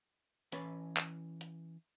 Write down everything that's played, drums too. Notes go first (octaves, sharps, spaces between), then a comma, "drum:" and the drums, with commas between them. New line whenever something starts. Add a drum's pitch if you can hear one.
E3 C#4 B4 A5 B5, drum: hi-hat
drum: clap
drum: hi-hat